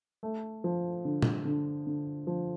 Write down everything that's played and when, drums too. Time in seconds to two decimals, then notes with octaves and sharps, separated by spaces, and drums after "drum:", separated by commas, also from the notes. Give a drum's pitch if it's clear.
0.23 A3
0.64 F3
1.05 D3
1.22 drum: tom
1.45 D3
1.87 D3
2.27 F3